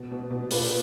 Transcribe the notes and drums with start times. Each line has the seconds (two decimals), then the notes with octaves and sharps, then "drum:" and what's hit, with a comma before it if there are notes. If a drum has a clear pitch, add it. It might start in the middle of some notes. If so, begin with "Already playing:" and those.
Already playing: B2
0.11 B2
0.30 B2
0.51 A#2 B4, drum: open hi-hat